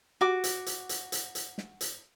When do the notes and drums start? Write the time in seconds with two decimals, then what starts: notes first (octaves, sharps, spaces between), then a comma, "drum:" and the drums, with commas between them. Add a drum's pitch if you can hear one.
0.21 F#4 D6
0.44 drum: hi-hat
0.66 drum: hi-hat
0.89 drum: hi-hat
1.12 drum: hi-hat
1.35 drum: hi-hat
1.58 drum: snare
1.81 drum: hi-hat